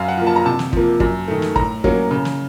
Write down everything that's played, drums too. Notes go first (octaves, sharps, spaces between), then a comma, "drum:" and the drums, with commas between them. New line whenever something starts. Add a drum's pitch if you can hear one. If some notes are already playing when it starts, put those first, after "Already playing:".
Already playing: F#2 F5
F#5
F3 A#3
A5
A#5
C3 A5
drum: snare
F3 A#3, drum: kick
F#2, drum: kick
D#3 A3
drum: snare
A2 A#5, drum: kick
F#3 A#3 C#4, drum: kick
C#3
drum: snare